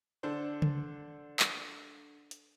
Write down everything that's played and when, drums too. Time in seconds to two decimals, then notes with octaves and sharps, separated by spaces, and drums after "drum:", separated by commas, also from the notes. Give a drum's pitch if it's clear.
0.23 D3 D4 A4 C5
0.62 drum: tom C#3
1.39 drum: clap
2.31 drum: hi-hat